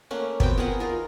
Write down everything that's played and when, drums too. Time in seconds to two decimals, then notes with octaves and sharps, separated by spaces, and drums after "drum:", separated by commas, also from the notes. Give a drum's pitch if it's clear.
0.11 A3 A#3 C#4 F#5
0.40 B3 C4 F#4 G5, drum: kick
0.58 B3 G#4 A#4 F#5
0.80 D#4 F4 A#4